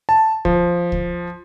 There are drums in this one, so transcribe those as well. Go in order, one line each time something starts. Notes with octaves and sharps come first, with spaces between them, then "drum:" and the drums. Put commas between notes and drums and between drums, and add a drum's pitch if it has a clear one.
A5
F3, drum: kick C#2
drum: kick C#2